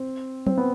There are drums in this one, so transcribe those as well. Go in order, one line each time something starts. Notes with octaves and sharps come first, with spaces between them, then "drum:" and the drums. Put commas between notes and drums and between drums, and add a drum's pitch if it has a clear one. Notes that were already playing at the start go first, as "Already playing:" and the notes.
Already playing: C4
C4, drum: tom F#3
B3